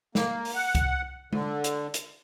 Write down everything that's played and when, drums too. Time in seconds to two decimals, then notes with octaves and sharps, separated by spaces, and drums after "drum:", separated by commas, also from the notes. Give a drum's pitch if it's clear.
0.15 A#3, drum: snare
0.45 drum: open hi-hat
0.55 F#5
0.75 drum: kick C2, hi-hat
1.33 D3, drum: tom G#3
1.64 drum: hi-hat
1.94 drum: hi-hat